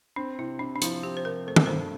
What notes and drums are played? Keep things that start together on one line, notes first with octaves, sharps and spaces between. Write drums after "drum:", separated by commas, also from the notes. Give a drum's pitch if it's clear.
C4 D4
C3 E4
C3 D4
D4
F3 E4, drum: hi-hat
C4 G4
C5
C3 A#4
A3 C5
A#4, drum: tom
G2 C5